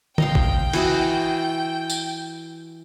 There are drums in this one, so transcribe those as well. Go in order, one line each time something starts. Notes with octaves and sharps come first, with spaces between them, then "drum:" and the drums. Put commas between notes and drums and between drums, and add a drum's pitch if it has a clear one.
D#5 F5 G5 C6, drum: tom D3
drum: kick G#1
E3 F#4 D#5, drum: cymbal
drum: tambourine